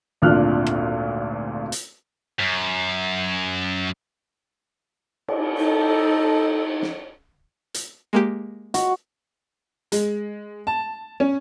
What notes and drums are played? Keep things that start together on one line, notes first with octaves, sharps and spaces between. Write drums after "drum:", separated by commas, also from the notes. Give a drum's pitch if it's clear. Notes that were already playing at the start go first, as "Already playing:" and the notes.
G#1 D2 A#2 D4 F6 F#6
drum: rim click
drum: hi-hat
F#2
drum: cymbal
D#4 A4
drum: snare
drum: hi-hat
G#3 A#3 G4
F#4, drum: hi-hat
G#3, drum: hi-hat
A5
C#4